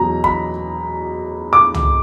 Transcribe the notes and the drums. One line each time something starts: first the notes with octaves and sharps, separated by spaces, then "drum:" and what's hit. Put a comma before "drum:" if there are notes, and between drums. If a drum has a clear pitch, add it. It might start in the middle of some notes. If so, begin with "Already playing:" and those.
Already playing: E2 B2 F#3 A#5
B5, drum: kick
D6
drum: tom